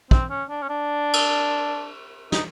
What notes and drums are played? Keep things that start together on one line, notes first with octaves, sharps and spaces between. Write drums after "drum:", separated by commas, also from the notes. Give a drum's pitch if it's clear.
C4, drum: kick
C#4
D4
C#4
D4
drum: cymbal
D#4, drum: snare